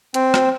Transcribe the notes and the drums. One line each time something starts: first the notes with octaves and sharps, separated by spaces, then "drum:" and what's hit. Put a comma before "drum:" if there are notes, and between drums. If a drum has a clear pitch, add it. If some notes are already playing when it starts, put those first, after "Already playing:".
C4, drum: hi-hat
drum: rim click